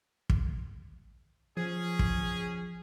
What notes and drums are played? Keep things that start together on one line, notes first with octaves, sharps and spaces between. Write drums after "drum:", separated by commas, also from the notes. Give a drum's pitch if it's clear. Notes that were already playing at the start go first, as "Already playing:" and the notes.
drum: kick
F3 C#4 G#4
drum: kick